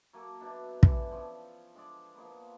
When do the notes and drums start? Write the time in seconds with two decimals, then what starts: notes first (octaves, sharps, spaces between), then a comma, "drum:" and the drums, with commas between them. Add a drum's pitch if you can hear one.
0.13 F#3 A#3 A4 A#4
0.40 B2 D4 E5
0.83 D3 E3, drum: kick
1.11 F3 C#4
1.74 D3 G#3 D5
2.15 F3 G#3 A#3 B3